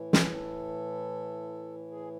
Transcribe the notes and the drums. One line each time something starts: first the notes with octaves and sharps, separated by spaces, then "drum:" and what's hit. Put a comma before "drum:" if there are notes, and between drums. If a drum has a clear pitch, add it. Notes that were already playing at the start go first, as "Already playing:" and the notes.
Already playing: A2 E3
G#4, drum: snare
A4
G#4